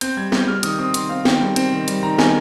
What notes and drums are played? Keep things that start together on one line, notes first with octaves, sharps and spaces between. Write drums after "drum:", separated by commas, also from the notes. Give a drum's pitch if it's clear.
C4 G6, drum: hi-hat
G3 G#6
G3 G6, drum: snare
G3 F6
D#3 D#6, drum: hi-hat
C4 D#6
D#3 C6, drum: hi-hat
C4 F5
D#3 G5, drum: snare
G3
C4, drum: hi-hat
D#3
G3, drum: hi-hat
D#3 A#5
D#3 G#5, drum: snare